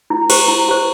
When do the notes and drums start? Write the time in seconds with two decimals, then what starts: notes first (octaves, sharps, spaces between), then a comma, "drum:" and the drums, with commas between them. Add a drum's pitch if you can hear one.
0.10 E4
0.30 G4 C5, drum: cymbal
0.48 E4
0.69 G4 C5